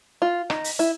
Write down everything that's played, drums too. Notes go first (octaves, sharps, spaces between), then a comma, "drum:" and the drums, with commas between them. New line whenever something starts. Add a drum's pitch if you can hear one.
F4
D#4, drum: rim click
drum: open hi-hat
E4, drum: hi-hat